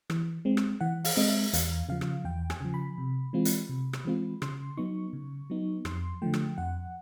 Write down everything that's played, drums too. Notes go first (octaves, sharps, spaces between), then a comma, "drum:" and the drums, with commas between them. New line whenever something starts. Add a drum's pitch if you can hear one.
E3, drum: rim click
G#3 C4
drum: rim click
E3 F#5
F5, drum: open hi-hat
G#3 C4 D#5
E5
E2 F5, drum: hi-hat
C#3 F3 F5
drum: rim click
E2 G5
G#5, drum: rim click
C#3 F3
B5
C3
E3 G#3 C4 F4
drum: hi-hat
C3
drum: rim click
E3 G#3 C4 F4
C#3 C6, drum: rim click
F#3 B3 D#4 C#6
C#3
F#3 B3 D#4
F2 C6, drum: rim click
D3 F3 A3 G5
drum: rim click
F2 F#5